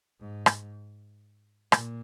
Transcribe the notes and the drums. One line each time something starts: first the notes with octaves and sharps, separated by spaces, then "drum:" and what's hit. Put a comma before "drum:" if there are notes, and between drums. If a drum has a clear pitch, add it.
G#2
drum: rim click
A#2, drum: rim click